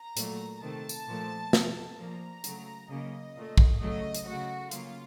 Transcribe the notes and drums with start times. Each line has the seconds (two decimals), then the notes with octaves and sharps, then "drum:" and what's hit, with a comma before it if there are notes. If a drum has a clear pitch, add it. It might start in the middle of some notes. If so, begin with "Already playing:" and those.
Already playing: A#5
0.17 A#2 F#3 A3, drum: hi-hat
0.62 C3 D#3 A3 A5
0.89 drum: tambourine
1.08 A#2 F3 A3
1.53 C3 F3 A3, drum: snare
1.99 A#2 F3 A#3 A#5
2.44 C#3 F#3 A3, drum: hi-hat
2.89 C#3 F#3 A#3 D#5
3.35 A#2 A3
3.58 drum: kick
3.80 C#3 F#3 A3 D#5
4.15 drum: hi-hat
4.26 C#3 A3 F#4
4.71 C#3 F#3 A#3 F4, drum: hi-hat